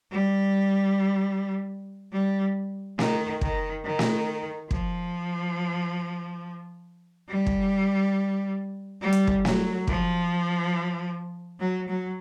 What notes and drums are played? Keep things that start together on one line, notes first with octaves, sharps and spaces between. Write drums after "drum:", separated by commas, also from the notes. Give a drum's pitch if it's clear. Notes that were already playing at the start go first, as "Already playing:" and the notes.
G3
G3
D#3, drum: snare
D#3, drum: kick
D#3
drum: snare
F3, drum: kick
G3
drum: kick
G3
drum: hi-hat
drum: kick
F#3, drum: snare
F3, drum: kick
F#3
F#3